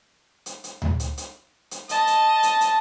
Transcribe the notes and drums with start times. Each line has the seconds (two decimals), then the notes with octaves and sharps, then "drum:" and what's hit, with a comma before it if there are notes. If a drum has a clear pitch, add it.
0.46 drum: hi-hat
0.64 drum: hi-hat
0.82 drum: tom D2
1.00 drum: hi-hat
1.18 drum: hi-hat
1.71 drum: hi-hat
1.89 D#5 A5, drum: hi-hat
2.07 drum: hi-hat
2.43 drum: hi-hat
2.61 drum: hi-hat